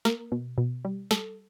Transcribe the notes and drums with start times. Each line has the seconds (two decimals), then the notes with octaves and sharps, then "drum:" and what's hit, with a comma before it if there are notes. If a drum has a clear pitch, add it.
0.05 A#3 A#4, drum: snare
0.32 B2
0.58 B2
0.85 G3
1.11 G3 A4, drum: snare